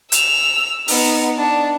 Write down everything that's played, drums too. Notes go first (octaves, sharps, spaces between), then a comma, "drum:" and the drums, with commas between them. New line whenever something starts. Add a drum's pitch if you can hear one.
E6 F7, drum: hi-hat
B3 D#4, drum: open hi-hat
D4